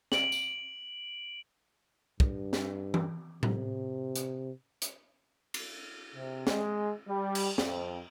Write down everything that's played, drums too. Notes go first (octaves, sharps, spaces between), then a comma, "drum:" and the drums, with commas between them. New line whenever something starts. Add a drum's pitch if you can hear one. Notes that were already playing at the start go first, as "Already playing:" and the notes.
D7 F#7, drum: snare
drum: tambourine
G2, drum: kick
drum: snare
drum: tom E3
C3, drum: tom A2
drum: hi-hat
drum: hi-hat
drum: cymbal
C3
G#3, drum: snare
G3
drum: cymbal
F2, drum: snare